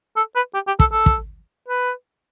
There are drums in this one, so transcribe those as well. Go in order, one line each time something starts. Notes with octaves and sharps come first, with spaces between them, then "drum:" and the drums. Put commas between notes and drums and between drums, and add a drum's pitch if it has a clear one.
A4
B4
G4
G4
A4, drum: kick
A4
drum: kick
B4